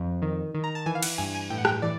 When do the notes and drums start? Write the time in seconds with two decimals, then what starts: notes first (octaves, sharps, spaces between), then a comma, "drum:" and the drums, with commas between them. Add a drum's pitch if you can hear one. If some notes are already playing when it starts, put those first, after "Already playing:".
Already playing: F2
0.22 D#3
0.54 D#3
0.64 A#5
0.75 A5
0.86 E3 G#5
0.95 F5
1.03 F#5, drum: cymbal
1.18 G2 G#5
1.34 G#5
1.50 A2 G5
1.58 F#5
1.65 G5, drum: rim click
1.82 E3 D5